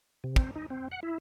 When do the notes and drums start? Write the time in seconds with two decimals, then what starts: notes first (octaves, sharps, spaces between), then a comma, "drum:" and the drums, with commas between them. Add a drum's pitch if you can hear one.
0.24 C3
0.36 C4, drum: kick
0.56 D#4
0.70 C4
0.91 F#5
1.03 E4